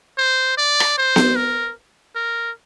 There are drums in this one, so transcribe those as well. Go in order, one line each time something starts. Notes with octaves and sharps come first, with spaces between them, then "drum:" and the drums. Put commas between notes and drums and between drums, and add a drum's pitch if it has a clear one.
C5
D5
drum: rim click
C5
drum: snare B3
A#4
A#4